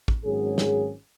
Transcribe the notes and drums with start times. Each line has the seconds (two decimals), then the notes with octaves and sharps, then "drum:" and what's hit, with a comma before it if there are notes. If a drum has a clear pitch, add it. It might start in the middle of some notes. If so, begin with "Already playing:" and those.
0.08 drum: kick
0.24 G#1 G#2 F#3 C#4 G#4
0.58 drum: snare